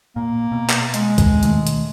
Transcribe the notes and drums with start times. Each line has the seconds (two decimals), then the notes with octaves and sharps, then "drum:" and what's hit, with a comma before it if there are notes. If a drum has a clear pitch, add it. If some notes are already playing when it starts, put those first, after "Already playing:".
0.16 A#2 A#3
0.52 B2
0.69 drum: clap
0.94 G#3, drum: hi-hat
1.18 drum: kick C#2, hi-hat
1.43 B2 D#3 A3, drum: hi-hat
1.67 drum: hi-hat